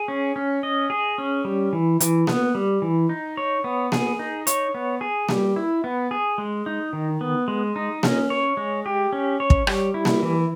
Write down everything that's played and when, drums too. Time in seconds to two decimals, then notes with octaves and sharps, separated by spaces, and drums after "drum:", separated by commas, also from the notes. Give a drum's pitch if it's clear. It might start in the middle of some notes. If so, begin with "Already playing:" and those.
Already playing: G#4
0.08 C#4
0.36 C#4
0.63 D#5
0.90 G#4
1.18 C#4
1.45 G3
1.73 E3
2.00 E3, drum: hi-hat
2.27 B3, drum: snare A#3
2.55 G3
2.82 E3
3.09 D#4
3.37 C#5
3.64 B3
3.92 G#4, drum: snare A#3
4.19 D#4
4.47 C#5, drum: hi-hat
4.74 B3
5.01 G#4
5.29 G3, drum: snare A#3
5.56 E4
5.84 B3
6.11 G#4
6.38 G#3
6.66 D#4
6.93 D#3
7.21 B3
7.48 G#3
7.76 D#4
8.03 C#4, drum: snare A#3
8.30 C#5
8.57 G#3
8.86 G4
9.13 C#4
9.40 C#5
9.50 drum: kick
9.67 G3, drum: rim click
9.94 E4
10.05 drum: snare A#3
10.23 E3